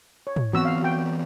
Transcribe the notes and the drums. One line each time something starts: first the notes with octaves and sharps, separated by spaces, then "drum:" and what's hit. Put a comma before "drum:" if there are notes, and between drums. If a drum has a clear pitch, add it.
C#5
drum: tom
E3 B3 C4 F#4 E6
F5
F#4 G5